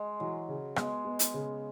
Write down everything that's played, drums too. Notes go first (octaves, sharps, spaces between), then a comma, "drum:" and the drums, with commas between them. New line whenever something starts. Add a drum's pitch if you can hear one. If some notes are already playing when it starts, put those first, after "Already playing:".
Already playing: G#3
E3 F#3
C#3
G#3 B3, drum: rim click
B3
drum: hi-hat
C#3